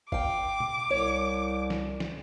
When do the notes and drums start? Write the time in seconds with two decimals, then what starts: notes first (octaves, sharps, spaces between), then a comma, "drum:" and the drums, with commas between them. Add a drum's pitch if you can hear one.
0.12 F5 G5 D6, drum: kick G#1
0.60 drum: tom
0.90 C2 C#5
1.70 drum: snare
2.00 drum: snare